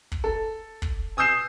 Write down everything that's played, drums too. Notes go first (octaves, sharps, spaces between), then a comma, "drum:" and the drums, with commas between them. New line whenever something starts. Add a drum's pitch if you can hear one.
drum: kick
A4
drum: kick
G#5 D#6 E6 G6 C7 E7